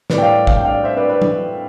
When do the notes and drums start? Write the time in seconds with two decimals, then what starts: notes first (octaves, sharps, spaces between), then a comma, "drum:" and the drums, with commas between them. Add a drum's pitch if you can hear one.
0.10 A2 G3 B4 D5, drum: snare
0.18 G5
0.22 D5 F5
0.47 F5, drum: kick
0.57 G5
0.65 D5 F5
0.84 C5 E5
0.97 B4 D5
1.09 B4 D5
1.22 drum: tom F#3